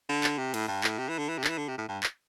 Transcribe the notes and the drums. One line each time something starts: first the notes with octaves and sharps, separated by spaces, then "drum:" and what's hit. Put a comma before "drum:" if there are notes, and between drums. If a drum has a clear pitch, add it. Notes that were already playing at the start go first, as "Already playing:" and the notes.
D3
drum: clap
C3
A2, drum: cymbal
G2
A2, drum: clap
C3
E3
D3
E3
C3
D3, drum: clap
E3
D3
C3
A2
G2
drum: clap